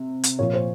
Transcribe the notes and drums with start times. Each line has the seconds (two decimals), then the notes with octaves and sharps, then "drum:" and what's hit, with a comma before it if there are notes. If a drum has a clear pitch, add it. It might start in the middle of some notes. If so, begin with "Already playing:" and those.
Already playing: C3
0.24 drum: hi-hat
0.39 A#2 F3 C#5
0.54 C5